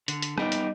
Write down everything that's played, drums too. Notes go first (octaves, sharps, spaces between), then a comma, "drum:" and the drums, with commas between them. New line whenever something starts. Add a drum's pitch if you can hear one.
D3, drum: hi-hat
drum: hi-hat
G3 B3 D#4 G4, drum: rim click
drum: hi-hat